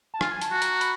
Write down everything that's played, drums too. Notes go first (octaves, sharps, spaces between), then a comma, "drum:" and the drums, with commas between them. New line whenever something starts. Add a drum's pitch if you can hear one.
A5
F4 G#5, drum: rim click
G#5
A5, drum: hi-hat
F#4
A#5, drum: hi-hat
B5, drum: hi-hat